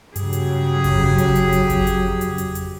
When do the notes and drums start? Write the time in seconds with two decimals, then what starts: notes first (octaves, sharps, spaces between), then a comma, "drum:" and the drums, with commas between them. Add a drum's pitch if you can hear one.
0.16 G2 C#3 F#3 G4 G#4, drum: hi-hat
0.33 drum: hi-hat
0.84 drum: kick G1, open hi-hat
0.97 F2
1.18 drum: kick G1, hi-hat
1.35 drum: hi-hat
1.53 drum: hi-hat
1.70 drum: kick G1, hi-hat
1.87 drum: hi-hat
2.21 drum: hi-hat
2.38 drum: hi-hat
2.55 drum: hi-hat